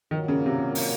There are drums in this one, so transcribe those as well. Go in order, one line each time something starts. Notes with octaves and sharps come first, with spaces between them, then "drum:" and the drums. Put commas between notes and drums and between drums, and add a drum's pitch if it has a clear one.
A#2 D#3 F#3 A#3
C#3
C3
drum: open hi-hat